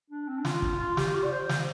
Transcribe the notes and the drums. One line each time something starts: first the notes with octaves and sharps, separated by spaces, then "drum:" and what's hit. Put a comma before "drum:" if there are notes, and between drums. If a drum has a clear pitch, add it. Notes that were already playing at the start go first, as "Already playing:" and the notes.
D4
C4
D4
F4, drum: snare
drum: kick
F4
G4, drum: snare
F4
D5
C5
drum: snare